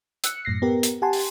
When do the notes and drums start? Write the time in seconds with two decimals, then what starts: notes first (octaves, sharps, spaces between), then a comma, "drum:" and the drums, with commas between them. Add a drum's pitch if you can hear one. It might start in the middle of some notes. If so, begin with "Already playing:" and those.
0.24 E6 F#6 C#7, drum: hi-hat
0.45 F#2 A2 A#6 C7
0.62 B3 G4 A#4
0.83 drum: hi-hat
1.02 G4 F#5 G#5 A5 C6
1.13 drum: open hi-hat